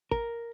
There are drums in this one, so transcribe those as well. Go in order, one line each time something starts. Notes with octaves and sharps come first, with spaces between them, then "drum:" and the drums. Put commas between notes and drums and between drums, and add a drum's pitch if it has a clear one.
A#4, drum: kick